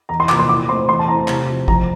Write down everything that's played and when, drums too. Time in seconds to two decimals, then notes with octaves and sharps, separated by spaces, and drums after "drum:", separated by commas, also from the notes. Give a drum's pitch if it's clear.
0.09 E2 A#5
0.20 C6
0.29 C3 F3 A#3 D6, drum: clap
0.39 C6
0.49 A#2 D6
0.69 A3 C4 C6
0.89 E2 C6
0.99 A5
1.08 E3 A3 C4 A#5
1.28 C3, drum: clap
1.48 F3 C4
1.68 F2 A#5, drum: kick